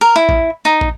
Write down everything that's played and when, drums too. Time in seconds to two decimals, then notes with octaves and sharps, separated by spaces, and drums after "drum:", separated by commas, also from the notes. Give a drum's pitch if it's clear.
0.01 A#4
0.16 E4
0.29 drum: kick
0.65 D#4
0.81 drum: kick